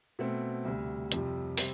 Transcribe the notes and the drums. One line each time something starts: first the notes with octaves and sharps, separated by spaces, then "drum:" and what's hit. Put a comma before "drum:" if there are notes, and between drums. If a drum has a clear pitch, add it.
B2 A3 C4
D2 C3 G3
F2 C3 G3, drum: hi-hat
C3 G3 C4, drum: open hi-hat